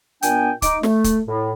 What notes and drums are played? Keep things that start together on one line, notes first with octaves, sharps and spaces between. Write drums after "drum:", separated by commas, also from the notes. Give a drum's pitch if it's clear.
A#2 B3 D4 G5 G#5, drum: hi-hat
D#4 D6, drum: kick, hi-hat
A3, drum: snare
drum: kick, hi-hat
A2